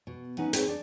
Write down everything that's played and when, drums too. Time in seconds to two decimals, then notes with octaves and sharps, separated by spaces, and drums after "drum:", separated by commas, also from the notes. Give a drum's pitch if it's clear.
0.07 B2
0.38 C#4 D#4 B4 F#5
0.53 C4 D#4 G#4 B4 C#5, drum: hi-hat
0.68 D4